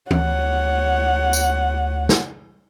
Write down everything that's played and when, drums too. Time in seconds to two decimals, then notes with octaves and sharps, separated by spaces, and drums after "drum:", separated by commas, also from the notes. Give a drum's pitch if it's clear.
0.11 D2 C#5 F#5, drum: tom
1.33 drum: tambourine
2.09 drum: snare